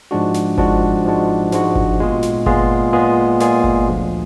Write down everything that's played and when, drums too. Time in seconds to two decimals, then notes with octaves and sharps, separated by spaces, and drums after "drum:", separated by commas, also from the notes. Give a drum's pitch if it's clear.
0.11 G#2 F3 G#3 D4 F#4
0.34 drum: snare
0.58 G#2 F3 G#3 D4 F#4, drum: kick G1
1.05 G#2 F3 G#3 D4 F#4
1.52 G#2 F3 G#3 D4 F#4, drum: snare
1.75 drum: kick G1
1.99 A#2 G#3 B3 F4 G#4
2.23 drum: snare
2.46 A#2 G#3 B3 F4 G#4, drum: kick G1
2.93 A#2 G#3 B3 F4 G#4
3.40 A#2 G#3 B3 F4 G#4, drum: snare
3.64 drum: kick G1
3.87 D2 D3 F3